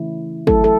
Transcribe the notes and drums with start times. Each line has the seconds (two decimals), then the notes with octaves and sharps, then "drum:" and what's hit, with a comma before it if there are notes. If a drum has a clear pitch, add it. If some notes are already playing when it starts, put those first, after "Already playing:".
Already playing: C#3 E3 A3 C#4 E4
0.47 F#3 A3 E4 A4, drum: kick
0.64 A4